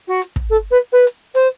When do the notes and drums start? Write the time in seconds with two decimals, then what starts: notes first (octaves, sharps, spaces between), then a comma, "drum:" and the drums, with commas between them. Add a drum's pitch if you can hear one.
0.08 F#4
0.22 drum: hi-hat
0.36 drum: kick
0.50 A4
0.71 B4
0.93 B4
1.07 drum: hi-hat
1.35 C5, drum: hi-hat